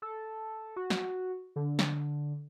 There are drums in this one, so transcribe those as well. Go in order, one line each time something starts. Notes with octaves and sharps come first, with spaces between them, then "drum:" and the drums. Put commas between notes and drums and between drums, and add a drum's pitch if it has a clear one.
A4
F#4
drum: snare
D3
drum: snare